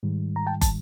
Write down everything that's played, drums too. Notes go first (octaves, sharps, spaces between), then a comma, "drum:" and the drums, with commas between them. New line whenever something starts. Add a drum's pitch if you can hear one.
G#2 D#3 G3
A#5
G5 A5
A5, drum: kick, hi-hat